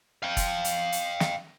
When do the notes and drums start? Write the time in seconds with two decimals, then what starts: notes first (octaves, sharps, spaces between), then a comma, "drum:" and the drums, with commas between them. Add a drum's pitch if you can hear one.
0.23 F5 G5
0.37 drum: kick, hi-hat
0.65 drum: hi-hat
0.92 drum: hi-hat
1.20 drum: snare